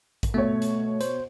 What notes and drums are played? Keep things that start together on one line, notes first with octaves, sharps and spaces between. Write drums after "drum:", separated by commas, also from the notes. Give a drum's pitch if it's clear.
drum: kick A1, hi-hat
B2 A3 C#5
drum: hi-hat
C5, drum: hi-hat